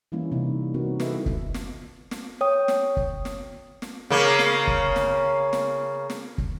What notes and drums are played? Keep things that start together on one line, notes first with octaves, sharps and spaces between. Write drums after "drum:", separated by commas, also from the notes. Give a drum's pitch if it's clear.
E3 G3 A#3 C#4 E4
C3 A#3 D#4
A#3
G3 B3 C4 D#4 F#4 A#4
E4 A4 B4 D#5 E5, drum: snare
drum: kick
drum: snare
drum: snare
C#5 G5 D#6
drum: snare
drum: kick
drum: snare
drum: snare
C#3 A#3
drum: snare
drum: kick
drum: snare
drum: snare
drum: snare
drum: kick